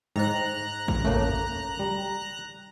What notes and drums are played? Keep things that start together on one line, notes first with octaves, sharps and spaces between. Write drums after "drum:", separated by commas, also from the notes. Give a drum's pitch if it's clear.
G#2 C5 D#5 G5 A#5 F#6
drum: kick A1
A3 A#3 C#4 A4 C#5, drum: tom
G3